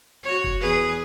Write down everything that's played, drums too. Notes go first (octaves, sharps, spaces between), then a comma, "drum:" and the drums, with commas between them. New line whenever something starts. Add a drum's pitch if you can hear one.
F#4 C#5
drum: kick F1
E2 G#4 B4